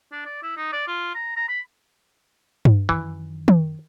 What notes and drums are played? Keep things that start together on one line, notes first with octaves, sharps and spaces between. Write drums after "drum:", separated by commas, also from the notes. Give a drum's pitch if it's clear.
D4
D5
E4
D#4
D5
F4
A#5
A#5
B5
drum: tom G2
F#2 D#3 E3
drum: tom